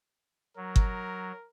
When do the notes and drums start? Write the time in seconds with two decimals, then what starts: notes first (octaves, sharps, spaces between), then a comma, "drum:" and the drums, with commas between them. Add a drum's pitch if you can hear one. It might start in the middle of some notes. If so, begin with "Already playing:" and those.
0.57 F#3 A#4
0.76 drum: kick G1